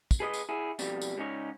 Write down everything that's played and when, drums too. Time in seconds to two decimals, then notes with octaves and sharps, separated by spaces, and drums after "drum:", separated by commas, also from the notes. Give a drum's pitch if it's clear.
0.11 drum: kick, tambourine
0.20 G#4 B4 D#5
0.33 drum: tambourine
0.49 E4 G#4
0.79 F2 B2 G3, drum: tambourine
1.01 drum: tambourine
1.17 C#2 G3 C#4 D#4 C#5